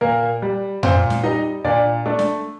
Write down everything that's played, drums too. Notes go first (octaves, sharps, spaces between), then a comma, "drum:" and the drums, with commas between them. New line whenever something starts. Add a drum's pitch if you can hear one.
A#2 A#3 A#4
G3
A#2 C4 C5, drum: tom F2
drum: snare
G3 D#4 D#5
A#2 D4 D5
A3 D4 D5
drum: snare